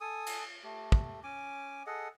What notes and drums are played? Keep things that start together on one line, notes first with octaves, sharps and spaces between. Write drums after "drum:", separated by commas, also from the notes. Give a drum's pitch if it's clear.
A4 G#5 D#6
drum: cymbal
A3 G4
drum: kick
C#4 G#5 D6
G#4 A4 D#5 F#5